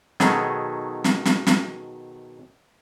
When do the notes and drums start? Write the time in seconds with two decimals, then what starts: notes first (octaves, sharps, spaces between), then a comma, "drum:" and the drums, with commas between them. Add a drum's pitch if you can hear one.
0.20 B2 D#3 F#3 A3 G#4, drum: snare
1.04 drum: snare
1.25 drum: snare
1.47 drum: snare